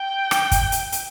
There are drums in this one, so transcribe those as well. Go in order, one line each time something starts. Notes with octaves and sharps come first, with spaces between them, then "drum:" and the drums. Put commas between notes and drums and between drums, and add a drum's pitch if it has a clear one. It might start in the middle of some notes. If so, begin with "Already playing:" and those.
Already playing: G5
drum: rim click
drum: kick, hi-hat
drum: hi-hat
drum: hi-hat